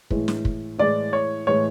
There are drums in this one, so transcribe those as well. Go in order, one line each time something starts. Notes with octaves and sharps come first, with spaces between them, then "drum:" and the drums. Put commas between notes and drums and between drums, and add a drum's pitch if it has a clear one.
A2 E3 G#3, drum: kick
drum: snare
drum: kick
A2 E3 G#3 D5
C#5
A2 E3 G#3 C#5